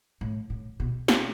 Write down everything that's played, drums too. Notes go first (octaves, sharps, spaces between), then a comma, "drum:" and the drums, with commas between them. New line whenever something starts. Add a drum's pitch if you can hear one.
A2
A2
B2
drum: snare